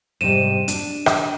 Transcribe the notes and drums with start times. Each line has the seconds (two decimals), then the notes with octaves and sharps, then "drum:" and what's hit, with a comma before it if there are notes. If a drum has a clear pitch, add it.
0.21 G#2 C3 G3 D#7 E7
0.68 D4, drum: hi-hat
1.06 drum: rim click